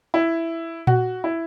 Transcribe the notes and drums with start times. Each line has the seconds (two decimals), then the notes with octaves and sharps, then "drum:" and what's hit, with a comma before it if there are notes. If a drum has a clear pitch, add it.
0.14 E4
0.87 F#4, drum: tom A#2
1.24 E4